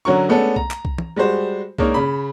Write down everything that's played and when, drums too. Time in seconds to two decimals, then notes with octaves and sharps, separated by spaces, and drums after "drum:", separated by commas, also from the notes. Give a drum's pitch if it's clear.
0.05 D3 F#3 C#4 F#4 A#4 C#6
0.28 G#3 A3 B3 C#4 D4 A4
0.56 A#5, drum: kick C2
0.71 drum: clap
0.85 drum: kick C2
0.98 drum: tom
1.16 G3 G#3 F#4 C5
1.78 G#3 A#3 D4 D#4 A#4 C#5, drum: kick C2
1.94 C#3 B5